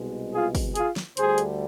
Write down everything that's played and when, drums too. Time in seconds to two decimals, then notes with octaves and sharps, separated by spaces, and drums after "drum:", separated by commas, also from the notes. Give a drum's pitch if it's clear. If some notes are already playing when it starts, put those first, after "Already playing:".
Already playing: C2 B2 G#3
0.33 F4 G#4
0.55 drum: kick, open hi-hat
0.75 F4 G#4, drum: hi-hat
0.96 drum: snare
1.17 D2 D3 G3 G#4 C5, drum: hi-hat
1.38 drum: hi-hat